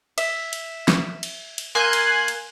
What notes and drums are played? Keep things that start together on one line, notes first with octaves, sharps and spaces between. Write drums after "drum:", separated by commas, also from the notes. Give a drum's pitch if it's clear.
E5, drum: cymbal
drum: cymbal
drum: snare
drum: cymbal
drum: cymbal
A#3 G#5 C6 E6 F#6 G6
drum: cymbal
drum: cymbal